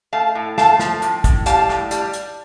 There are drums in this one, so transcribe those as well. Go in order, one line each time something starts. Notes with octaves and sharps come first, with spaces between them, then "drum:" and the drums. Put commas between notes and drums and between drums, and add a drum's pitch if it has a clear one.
A3 F5 A5
A2
A3 F5 A5, drum: snare
F3, drum: snare
A2, drum: hi-hat
A2, drum: kick, hi-hat
G3 F5 A5, drum: hi-hat
A2, drum: snare
G3, drum: hi-hat
drum: hi-hat